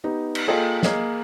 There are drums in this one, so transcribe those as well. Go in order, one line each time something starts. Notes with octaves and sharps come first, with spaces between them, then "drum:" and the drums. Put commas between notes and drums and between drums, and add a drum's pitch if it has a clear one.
B3 D#4 G4
drum: cymbal
A#3 F4 G#4 A4 D#5 G5
A#3 G#4 D#5 F5, drum: snare